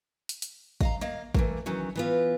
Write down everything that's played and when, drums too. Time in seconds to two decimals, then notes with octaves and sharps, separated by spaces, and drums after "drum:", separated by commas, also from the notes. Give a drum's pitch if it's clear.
0.29 drum: hi-hat
0.42 drum: hi-hat
0.81 D#5 F5 A#5, drum: kick
1.01 A#3 D#5 F5
1.35 E3 A3 A#3, drum: kick
1.66 D#3 E3 F#3 C#4
1.96 E3 B3 F4